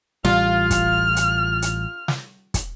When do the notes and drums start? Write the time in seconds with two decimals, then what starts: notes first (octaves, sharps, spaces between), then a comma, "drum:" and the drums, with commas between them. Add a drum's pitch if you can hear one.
0.25 A1 G3 F4 F6, drum: snare
0.71 drum: kick, hi-hat
1.16 drum: hi-hat
1.62 drum: hi-hat
2.08 drum: snare
2.54 drum: kick, hi-hat